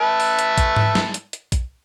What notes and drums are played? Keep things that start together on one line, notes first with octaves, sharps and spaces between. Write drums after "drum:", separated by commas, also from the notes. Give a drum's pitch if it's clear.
B4 E5 A5
drum: open hi-hat
drum: hi-hat
drum: kick A#1, hi-hat
drum: tom G#2
drum: snare
drum: hi-hat
drum: hi-hat
drum: kick A#1, hi-hat